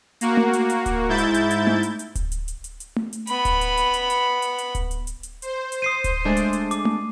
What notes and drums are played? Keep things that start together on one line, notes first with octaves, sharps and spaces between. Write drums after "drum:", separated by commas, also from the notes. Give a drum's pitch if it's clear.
A#3 F#4, drum: hi-hat
drum: tom A3
drum: hi-hat
drum: hi-hat
drum: kick D1, hi-hat
G#2 E4 G6 A6
drum: hi-hat
drum: hi-hat
drum: hi-hat
drum: tom A3
drum: hi-hat
drum: hi-hat
drum: kick D1, hi-hat
drum: hi-hat
drum: hi-hat
drum: hi-hat
drum: hi-hat
drum: tom A3
drum: hi-hat
B3 B5, drum: hi-hat
drum: kick D1, hi-hat
drum: hi-hat
drum: hi-hat
drum: hi-hat
drum: hi-hat
drum: hi-hat
drum: hi-hat
drum: kick D1, hi-hat
drum: hi-hat
drum: hi-hat
drum: hi-hat
C5, drum: hi-hat
drum: hi-hat
D#6 C7 D#7
drum: kick D1, hi-hat
G#3 A3 D4
drum: hi-hat
drum: hi-hat
D6, drum: hi-hat
drum: tom A3